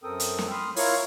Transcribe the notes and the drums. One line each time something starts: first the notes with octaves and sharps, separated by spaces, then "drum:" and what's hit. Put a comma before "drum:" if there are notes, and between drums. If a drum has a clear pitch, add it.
F#2 C4 A4 A#4 G5 D#6
drum: hi-hat
drum: snare
B5 C6 D#6 F6
E4 F4 A#4 C#5 F5, drum: open hi-hat